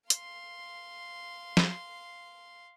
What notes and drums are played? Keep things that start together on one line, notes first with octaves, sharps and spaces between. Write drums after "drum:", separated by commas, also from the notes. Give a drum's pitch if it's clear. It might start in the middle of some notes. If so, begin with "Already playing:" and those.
F5 C6, drum: hi-hat
drum: snare